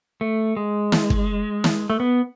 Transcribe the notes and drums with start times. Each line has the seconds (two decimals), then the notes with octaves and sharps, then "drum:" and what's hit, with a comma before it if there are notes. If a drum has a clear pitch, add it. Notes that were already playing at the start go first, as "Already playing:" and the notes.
0.21 A3
0.57 G#3
0.92 drum: snare
1.10 drum: kick
1.64 drum: snare
1.90 A3
2.00 B3